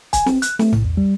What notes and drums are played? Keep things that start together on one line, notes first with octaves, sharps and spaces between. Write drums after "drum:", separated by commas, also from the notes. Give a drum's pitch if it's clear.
G#5, drum: kick, hi-hat
C4, drum: snare
F#6, drum: hi-hat
A3, drum: snare
A2, drum: tom A#1
E2
G3